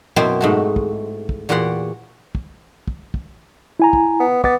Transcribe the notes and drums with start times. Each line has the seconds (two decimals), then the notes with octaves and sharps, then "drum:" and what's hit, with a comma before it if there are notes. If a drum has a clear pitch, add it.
0.16 F#2 B2 C4 E4 G5 C6
0.41 G#2 A3 F#4
0.76 drum: kick
1.29 drum: kick
1.49 E2 A#2 F#4 G4 F#5 C6
2.35 drum: kick
2.88 drum: kick
3.14 drum: kick
3.80 E4 G#5 A#5
3.93 drum: kick
4.20 B3
4.44 B3 D6 A6, drum: kick